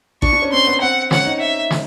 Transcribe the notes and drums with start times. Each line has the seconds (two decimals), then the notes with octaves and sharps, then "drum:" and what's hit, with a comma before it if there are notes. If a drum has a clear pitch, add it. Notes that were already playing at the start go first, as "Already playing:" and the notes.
0.22 D4 C#6, drum: kick
0.33 D4
0.42 C#4
0.53 C4 C6
0.67 B3
0.82 C4 F#5
1.11 C#4 F#5, drum: snare
1.26 D#4
1.40 E5
1.71 drum: snare